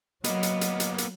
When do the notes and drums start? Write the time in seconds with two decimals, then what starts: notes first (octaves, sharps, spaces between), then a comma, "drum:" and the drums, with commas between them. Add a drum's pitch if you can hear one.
0.24 F#3 A#3 B3 D#5, drum: hi-hat
0.43 drum: hi-hat
0.61 drum: hi-hat
0.80 drum: hi-hat
0.98 drum: hi-hat